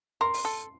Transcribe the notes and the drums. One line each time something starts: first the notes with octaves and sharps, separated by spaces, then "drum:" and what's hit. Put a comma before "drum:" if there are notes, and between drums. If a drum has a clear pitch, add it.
A#4 C6
drum: open hi-hat
A4